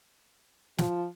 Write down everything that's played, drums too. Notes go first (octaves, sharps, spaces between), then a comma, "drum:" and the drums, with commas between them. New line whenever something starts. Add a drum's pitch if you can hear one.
F3, drum: snare